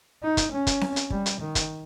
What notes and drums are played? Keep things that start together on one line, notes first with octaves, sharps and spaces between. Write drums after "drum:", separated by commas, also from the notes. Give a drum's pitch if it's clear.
D#4
drum: kick, hi-hat
C#4
drum: kick, hi-hat
drum: snare C4
drum: hi-hat
G3, drum: kick
drum: hi-hat
D#3
drum: kick, hi-hat